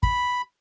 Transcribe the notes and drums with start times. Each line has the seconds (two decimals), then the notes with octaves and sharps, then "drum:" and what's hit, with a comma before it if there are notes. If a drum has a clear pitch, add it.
0.03 B5, drum: kick